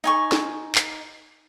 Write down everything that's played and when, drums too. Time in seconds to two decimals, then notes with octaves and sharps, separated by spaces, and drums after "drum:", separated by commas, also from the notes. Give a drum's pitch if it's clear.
0.04 D#4 G#5 C#6
0.32 drum: snare
0.75 drum: clap